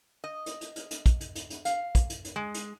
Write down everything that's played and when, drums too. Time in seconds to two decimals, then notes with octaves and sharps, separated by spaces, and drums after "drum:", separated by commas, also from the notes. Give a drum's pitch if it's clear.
0.24 D#5
0.46 drum: hi-hat
0.61 drum: hi-hat
0.76 drum: hi-hat
0.91 drum: hi-hat
1.06 drum: kick, hi-hat
1.21 drum: hi-hat
1.35 drum: hi-hat
1.50 drum: hi-hat
1.65 F5, drum: hi-hat
1.95 drum: kick, hi-hat
2.10 drum: hi-hat
2.25 drum: hi-hat
2.36 G#3
2.54 drum: hi-hat